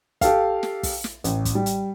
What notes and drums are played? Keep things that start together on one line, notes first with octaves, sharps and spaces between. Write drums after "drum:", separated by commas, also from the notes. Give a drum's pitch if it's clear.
G4 A4 F5, drum: kick, hi-hat
drum: snare
drum: kick, open hi-hat
drum: snare
A1, drum: hi-hat
drum: kick, hi-hat
G3
drum: hi-hat